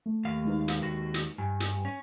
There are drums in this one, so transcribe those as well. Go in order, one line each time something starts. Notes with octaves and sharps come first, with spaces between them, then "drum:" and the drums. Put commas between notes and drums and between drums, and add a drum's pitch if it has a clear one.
A3
D#2 F5
G#3 D#4 B4
drum: hi-hat
D#2 F#4
drum: hi-hat
G2 G#5
drum: hi-hat
C#4